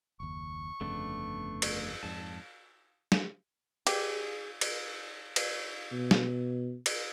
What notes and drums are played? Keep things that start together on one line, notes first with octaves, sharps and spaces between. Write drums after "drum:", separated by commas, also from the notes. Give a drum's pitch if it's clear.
F#1 D#2 C#6
G1 F2 C#3 A3 B3 D4
drum: cymbal
F2 G#2 A5
drum: snare
G4 G#4, drum: cymbal
drum: cymbal
drum: cymbal
B2
drum: snare
drum: cymbal